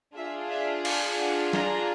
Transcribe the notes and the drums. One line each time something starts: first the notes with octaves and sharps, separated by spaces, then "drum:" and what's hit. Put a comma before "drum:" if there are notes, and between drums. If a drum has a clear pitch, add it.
D4 F4 G#4 E5
E5
F5, drum: cymbal
F#5
A#5, drum: snare